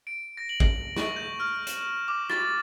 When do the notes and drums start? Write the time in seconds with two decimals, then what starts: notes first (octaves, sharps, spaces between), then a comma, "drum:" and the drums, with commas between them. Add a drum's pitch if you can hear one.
0.07 D7
0.37 A#6
0.49 F#7
0.60 drum: kick A1
0.96 C#6, drum: snare
1.16 G6
1.40 F6
1.67 E7, drum: hi-hat
2.08 D6
2.30 A6, drum: rim click